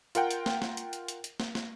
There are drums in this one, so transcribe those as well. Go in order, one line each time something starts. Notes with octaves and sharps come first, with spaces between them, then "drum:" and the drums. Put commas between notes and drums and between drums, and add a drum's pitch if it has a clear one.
F4 A#4 F#5 G5, drum: hi-hat
drum: hi-hat
drum: snare
drum: snare
drum: hi-hat
drum: hi-hat
drum: hi-hat
drum: hi-hat
drum: snare
drum: snare